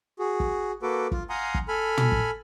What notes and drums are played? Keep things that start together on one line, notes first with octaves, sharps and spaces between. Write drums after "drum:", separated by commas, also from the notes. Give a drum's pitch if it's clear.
F#4 G#4
drum: kick
A#3 F#4 A4 B4 D6
F4, drum: kick
F5 F#5 G#5 A#5 C6 D#6
drum: kick
A4 G#5 B5 F6
drum: tom
drum: kick